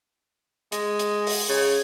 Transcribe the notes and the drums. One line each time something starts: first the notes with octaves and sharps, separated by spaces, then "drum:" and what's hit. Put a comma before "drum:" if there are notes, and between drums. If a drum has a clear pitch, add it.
G#3, drum: hi-hat
drum: hi-hat
drum: open hi-hat
C#3